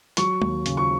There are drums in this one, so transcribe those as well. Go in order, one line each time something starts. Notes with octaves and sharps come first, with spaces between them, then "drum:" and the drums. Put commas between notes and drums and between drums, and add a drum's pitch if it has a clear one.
F#3 C#6, drum: hi-hat
D#2, drum: tom
C#3, drum: hi-hat
C#6